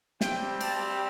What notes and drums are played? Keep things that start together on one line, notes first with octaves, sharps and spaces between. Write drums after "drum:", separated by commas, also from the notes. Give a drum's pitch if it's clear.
G3 C4 G4 G5, drum: snare
A5, drum: cymbal